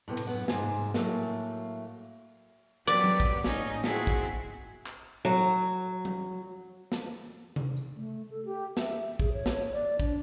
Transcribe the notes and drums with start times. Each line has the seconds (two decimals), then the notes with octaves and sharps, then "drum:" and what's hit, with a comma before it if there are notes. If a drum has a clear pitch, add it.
0.08 A2 C3 B3
0.17 drum: cymbal
0.27 F#2 B3 F#5
0.48 G#2 C3 E3 C5 G#5, drum: snare
0.94 A2 F#3 A3 A#3, drum: snare
2.87 F#3 B3 G4 D5
3.04 drum: tom F#3
3.20 drum: kick
3.44 A2 C#4 D#4, drum: snare
3.84 C4 E4 F#4 G#4, drum: snare
4.07 drum: kick
4.86 drum: clap
5.25 F#3
6.05 drum: tom F#3
6.92 drum: snare
7.56 drum: tom C3
7.77 drum: tambourine
7.96 A3
8.30 A4
8.45 G4
8.77 E5, drum: snare
9.20 G#4, drum: kick
9.33 C#5
9.46 drum: snare
9.62 drum: tambourine
9.72 D5
10.00 D4, drum: kick